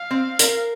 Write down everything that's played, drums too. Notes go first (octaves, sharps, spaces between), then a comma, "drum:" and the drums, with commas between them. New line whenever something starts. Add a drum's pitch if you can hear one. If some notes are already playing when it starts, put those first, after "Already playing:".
Already playing: F5
C4
A#4, drum: hi-hat